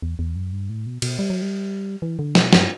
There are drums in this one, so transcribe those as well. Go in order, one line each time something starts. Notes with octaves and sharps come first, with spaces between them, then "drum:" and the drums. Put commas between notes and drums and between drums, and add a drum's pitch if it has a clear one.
E2
E2
F#2
G2
A2
B2
B2, drum: cymbal
G3
F#3
G3
E3
D3
B2, drum: snare
G2, drum: snare